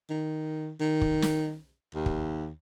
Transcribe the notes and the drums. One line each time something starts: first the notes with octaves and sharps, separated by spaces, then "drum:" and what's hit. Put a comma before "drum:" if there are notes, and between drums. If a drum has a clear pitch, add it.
D#3
D#3
drum: kick
drum: snare
D#2
drum: kick